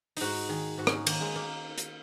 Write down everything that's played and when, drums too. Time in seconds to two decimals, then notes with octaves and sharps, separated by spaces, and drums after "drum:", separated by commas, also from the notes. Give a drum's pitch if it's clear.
0.17 G#2 D#4 F#4, drum: open hi-hat
0.49 D#3 G#4
0.78 G#2 F#4
0.87 C#4, drum: rim click
0.92 D#4
1.07 D#3 A#3, drum: cymbal
1.21 G#3
1.36 A#3
1.78 drum: hi-hat